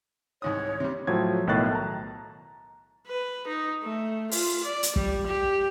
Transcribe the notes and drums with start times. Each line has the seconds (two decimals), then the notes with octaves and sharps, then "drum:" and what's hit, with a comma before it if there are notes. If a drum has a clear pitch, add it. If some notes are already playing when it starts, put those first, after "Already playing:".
0.42 C2 G#2 C#5 D#6
0.80 C3 G3
1.07 A2 F3 F#3 G#6
1.47 B1 A2 D#3 B3 F#6 A6
1.73 A5 A#5
3.07 B4
3.47 D#4
3.83 A3
4.31 F4, drum: open hi-hat
4.63 D5
4.83 drum: hi-hat
4.96 G3, drum: kick
5.26 G4